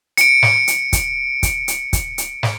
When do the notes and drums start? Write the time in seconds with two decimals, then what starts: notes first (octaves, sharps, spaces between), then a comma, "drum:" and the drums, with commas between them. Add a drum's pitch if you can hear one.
0.17 C#7 D7, drum: hi-hat
0.43 drum: snare
0.68 drum: hi-hat
0.93 drum: kick, hi-hat
1.43 drum: kick, hi-hat
1.68 drum: hi-hat
1.93 drum: kick, hi-hat
2.18 drum: hi-hat
2.43 drum: snare